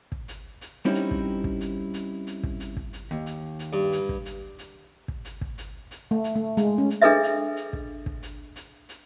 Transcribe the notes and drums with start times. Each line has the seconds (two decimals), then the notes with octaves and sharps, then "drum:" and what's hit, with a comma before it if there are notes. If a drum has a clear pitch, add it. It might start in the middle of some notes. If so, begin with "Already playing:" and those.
0.12 drum: kick
0.28 drum: hi-hat
0.61 drum: hi-hat
0.85 G3 C4 C#4 D#4 E4 F#4
0.94 drum: hi-hat
1.11 drum: kick
1.44 drum: kick
1.61 drum: hi-hat
1.94 drum: hi-hat
2.27 drum: hi-hat
2.43 drum: kick
2.60 drum: hi-hat
2.77 drum: kick
2.93 drum: hi-hat
3.11 D#2
3.26 drum: hi-hat
3.59 drum: hi-hat
3.73 G2
3.92 drum: hi-hat
4.09 drum: kick
4.26 drum: hi-hat
4.59 drum: hi-hat
5.08 drum: kick
5.25 drum: hi-hat
5.41 drum: kick
5.58 drum: hi-hat
5.91 drum: hi-hat
6.11 A3
6.24 drum: hi-hat
6.36 A3
6.57 G#3, drum: hi-hat
6.78 C#4
6.90 drum: hi-hat
7.02 D4 G#4 A4 B4 D#5 E5
7.23 drum: hi-hat
7.57 drum: hi-hat
7.73 drum: kick
8.06 drum: kick
8.23 drum: hi-hat
8.56 drum: hi-hat
8.89 drum: hi-hat